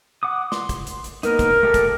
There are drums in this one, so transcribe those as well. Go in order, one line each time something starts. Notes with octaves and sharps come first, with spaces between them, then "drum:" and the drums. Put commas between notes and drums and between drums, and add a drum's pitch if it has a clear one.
F#5 D6 D#6
C6, drum: snare
drum: kick, hi-hat
drum: hi-hat
drum: hi-hat
A#3 B3 D#4 A#4, drum: hi-hat
drum: kick, hi-hat
A3 G4 A4
drum: kick, hi-hat